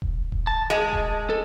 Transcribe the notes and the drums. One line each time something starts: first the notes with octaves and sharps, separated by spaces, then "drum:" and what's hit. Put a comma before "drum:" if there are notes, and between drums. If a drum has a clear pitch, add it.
drum: kick D#1
drum: kick D#1
A5
G#3
drum: kick D#1
A4